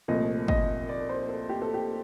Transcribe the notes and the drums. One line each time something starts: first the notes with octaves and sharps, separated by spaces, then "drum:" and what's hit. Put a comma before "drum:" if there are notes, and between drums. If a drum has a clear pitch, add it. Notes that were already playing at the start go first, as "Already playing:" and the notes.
C2 A#2 F3 A3 D#5
D#5, drum: kick
D5
C5
A4
G4
A4
G4